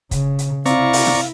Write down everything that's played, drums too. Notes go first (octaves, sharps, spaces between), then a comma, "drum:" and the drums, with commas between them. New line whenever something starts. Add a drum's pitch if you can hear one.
C#3, drum: kick, hi-hat
drum: hi-hat
C3 C4 E4 D5 F5 A#5 C#6, drum: hi-hat
drum: open hi-hat
drum: snare